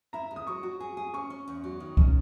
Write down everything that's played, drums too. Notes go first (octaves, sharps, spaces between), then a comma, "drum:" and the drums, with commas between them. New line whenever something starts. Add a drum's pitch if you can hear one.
E4 A#5
G#3
D#6
F#3 C#6
F#4
G#4
G#4
C#4 C#6
C#4
E2
F#3
D#3
C#4, drum: kick C2